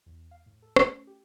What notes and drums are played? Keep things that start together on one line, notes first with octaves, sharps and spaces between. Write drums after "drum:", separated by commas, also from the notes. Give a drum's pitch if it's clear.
E2
F5
A2
A4
A3, drum: rim click
C#4
G4